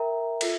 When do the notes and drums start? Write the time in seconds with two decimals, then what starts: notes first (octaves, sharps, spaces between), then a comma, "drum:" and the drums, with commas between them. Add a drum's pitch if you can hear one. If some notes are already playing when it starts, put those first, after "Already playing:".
Already playing: A#4 E5 G5 A#5
0.41 F4 A4 E5, drum: cymbal